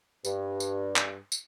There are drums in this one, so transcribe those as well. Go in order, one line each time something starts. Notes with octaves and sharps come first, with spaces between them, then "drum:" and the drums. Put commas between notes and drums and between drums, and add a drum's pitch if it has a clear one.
G2, drum: tambourine
drum: tambourine
drum: clap
drum: tambourine